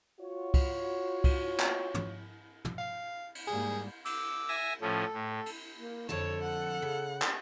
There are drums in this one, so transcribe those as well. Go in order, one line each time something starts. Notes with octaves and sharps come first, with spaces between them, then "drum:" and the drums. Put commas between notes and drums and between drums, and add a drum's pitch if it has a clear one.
F4 F#4 C#5
drum: kick, cymbal
drum: kick, cymbal
drum: clap
drum: tom
drum: tom
F5
drum: cymbal
G#2 G3 A#3 G#4
D6 E6, drum: cymbal
E5 G#5 A#6
A2 F3 C#4 A4
A2
drum: cymbal
A#3
F2 D3 A4 C#5 A5
F#5
C#3
drum: clap